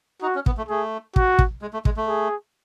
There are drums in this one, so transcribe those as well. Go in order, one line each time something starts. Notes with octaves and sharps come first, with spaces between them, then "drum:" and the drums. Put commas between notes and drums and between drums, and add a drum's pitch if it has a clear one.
D#4 F#4
C#4
B3, drum: kick
A3
A3 G#4
F#4, drum: kick
drum: kick
G#3
A3
G#3, drum: kick
A3
G#4